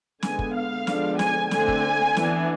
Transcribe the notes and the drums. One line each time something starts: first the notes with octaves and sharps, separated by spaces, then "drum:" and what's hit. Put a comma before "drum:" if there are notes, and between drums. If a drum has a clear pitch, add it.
D3 G#3 B3 G#5, drum: snare
drum: kick
F5
D3 F3 G#3 B3 D4, drum: snare
G#5, drum: snare
D3 A3 C4 G#5, drum: snare
drum: kick
E3 B3 D4, drum: snare